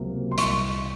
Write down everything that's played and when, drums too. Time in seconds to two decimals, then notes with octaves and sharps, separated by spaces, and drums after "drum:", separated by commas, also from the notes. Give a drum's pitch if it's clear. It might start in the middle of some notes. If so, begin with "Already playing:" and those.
Already playing: C#2 C3 F#3 A#3
0.32 C6
0.38 C2 C#6, drum: hi-hat